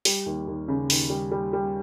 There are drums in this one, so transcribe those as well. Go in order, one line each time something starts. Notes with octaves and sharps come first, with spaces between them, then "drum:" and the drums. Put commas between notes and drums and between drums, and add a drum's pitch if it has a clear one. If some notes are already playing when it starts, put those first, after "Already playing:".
G3, drum: open hi-hat
D#2
D#2
C#3
D#2, drum: open hi-hat
G3
G3
G3